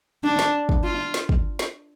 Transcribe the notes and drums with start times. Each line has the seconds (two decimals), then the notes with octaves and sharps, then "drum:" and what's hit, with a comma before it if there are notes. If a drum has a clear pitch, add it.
0.24 D4
0.39 drum: snare
0.69 drum: kick
0.84 F4
1.14 drum: snare
1.29 drum: kick
1.59 drum: snare